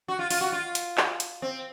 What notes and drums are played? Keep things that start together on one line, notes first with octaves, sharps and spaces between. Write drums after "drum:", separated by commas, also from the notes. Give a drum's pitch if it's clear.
F#4
F4
F4, drum: open hi-hat
F#4
F4
drum: hi-hat
drum: clap
drum: hi-hat
C4